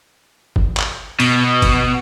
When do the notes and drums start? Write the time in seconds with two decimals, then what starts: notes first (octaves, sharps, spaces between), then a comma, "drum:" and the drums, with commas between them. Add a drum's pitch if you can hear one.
0.56 drum: kick G1
0.77 drum: clap
1.20 B2, drum: cymbal
1.62 drum: kick G1, cymbal